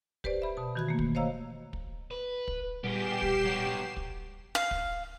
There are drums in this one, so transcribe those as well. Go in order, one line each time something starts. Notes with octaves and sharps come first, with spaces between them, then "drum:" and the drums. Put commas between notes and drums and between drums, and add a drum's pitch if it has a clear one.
G4 B4 C5 D5, drum: kick
E5 B5
B2 A5
D#3 E3 F#4 B5 G#6
A3 A#3
drum: kick
C5 C#5 D#5 F5 A#5 E6
drum: kick
B4
drum: kick
A#2 G3 B3 G4 G#4 C7 E7
drum: kick
F#3 B3
drum: kick
F5
drum: kick